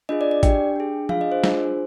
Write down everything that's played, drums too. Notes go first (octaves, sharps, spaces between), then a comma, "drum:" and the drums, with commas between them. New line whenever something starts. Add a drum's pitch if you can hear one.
D4 F4 G#4 D#5
D5
D5
D4 G4 G5, drum: kick, hi-hat
D4 G#4
D4 F4 G#4 F5, drum: tom F3
D#5
C5
D4 F4 G#4, drum: snare